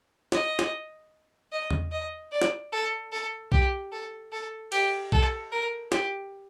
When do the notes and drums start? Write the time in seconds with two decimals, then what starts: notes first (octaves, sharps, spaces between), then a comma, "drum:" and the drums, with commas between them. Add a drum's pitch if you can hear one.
0.32 D#5, drum: snare
0.59 drum: snare
1.52 D#5
1.70 drum: tom E2
1.92 D#5
2.32 D5
2.42 drum: snare
2.72 A4
3.12 A4
3.52 G4, drum: kick B1
3.92 A4
4.32 A4
4.72 G4, drum: cymbal
5.12 A4, drum: kick B1
5.52 A#4
5.92 G4, drum: snare